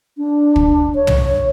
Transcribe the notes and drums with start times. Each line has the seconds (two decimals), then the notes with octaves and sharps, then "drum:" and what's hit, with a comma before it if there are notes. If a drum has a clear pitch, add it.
0.17 D4
0.56 drum: kick
0.95 C#5
1.07 drum: tom